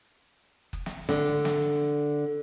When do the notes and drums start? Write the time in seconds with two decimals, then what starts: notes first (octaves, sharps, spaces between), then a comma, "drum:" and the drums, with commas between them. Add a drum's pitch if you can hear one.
0.73 drum: kick F#1
0.86 drum: snare
1.09 D3, drum: snare
1.45 drum: snare